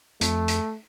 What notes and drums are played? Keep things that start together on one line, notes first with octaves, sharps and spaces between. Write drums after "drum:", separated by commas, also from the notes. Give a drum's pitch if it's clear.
F2 A3, drum: hi-hat
drum: hi-hat